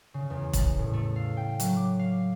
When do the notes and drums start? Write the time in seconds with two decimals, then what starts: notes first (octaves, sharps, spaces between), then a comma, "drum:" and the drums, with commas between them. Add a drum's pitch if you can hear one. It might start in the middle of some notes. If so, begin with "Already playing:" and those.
0.14 C#3
0.30 E2
0.53 drum: kick, hi-hat
0.79 A2
0.93 A3
1.16 F5
1.37 G5
1.60 F#3, drum: hi-hat
1.77 D6
1.99 F5